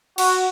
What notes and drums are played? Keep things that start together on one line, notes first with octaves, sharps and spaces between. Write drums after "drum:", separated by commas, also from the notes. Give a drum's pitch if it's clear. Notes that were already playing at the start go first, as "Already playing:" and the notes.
F#4, drum: cymbal